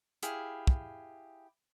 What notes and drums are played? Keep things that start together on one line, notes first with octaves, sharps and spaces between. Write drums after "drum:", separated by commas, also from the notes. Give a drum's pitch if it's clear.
E4 G4 G#4 F5, drum: hi-hat
drum: kick